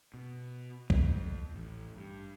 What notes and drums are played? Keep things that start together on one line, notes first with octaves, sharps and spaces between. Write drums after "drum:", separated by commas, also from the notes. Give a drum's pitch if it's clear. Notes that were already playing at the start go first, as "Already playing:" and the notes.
B2
F2, drum: kick C2
A1
G2